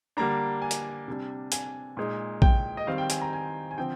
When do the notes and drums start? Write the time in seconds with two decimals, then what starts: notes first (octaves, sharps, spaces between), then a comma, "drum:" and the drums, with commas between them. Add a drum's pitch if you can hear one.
0.17 D3 G3 A#3 D4 A#5
0.62 G#5
0.71 drum: hi-hat
1.08 C3 G3 D4
1.52 G#5, drum: hi-hat
1.97 A#2 G#3 D#4
2.42 G5, drum: kick
2.77 D#5
2.87 D#3 G3 C4 F5
2.98 G5
3.10 G#5, drum: hi-hat
3.21 A#5
3.33 G#5
3.71 G#5
3.78 D3 F3 C4 G5